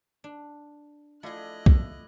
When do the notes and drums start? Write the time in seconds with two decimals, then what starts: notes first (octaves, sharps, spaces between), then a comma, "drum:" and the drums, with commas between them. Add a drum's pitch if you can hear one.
0.24 D4
1.23 F3 A3 E4 G#4 D5 D#5 F#6
1.66 drum: kick B1